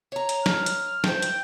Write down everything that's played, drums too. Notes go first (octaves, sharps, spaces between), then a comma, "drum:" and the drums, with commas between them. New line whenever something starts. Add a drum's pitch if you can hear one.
C#5 A#5
drum: hi-hat
F6, drum: snare
drum: hi-hat
E4 C5 G5, drum: snare
drum: hi-hat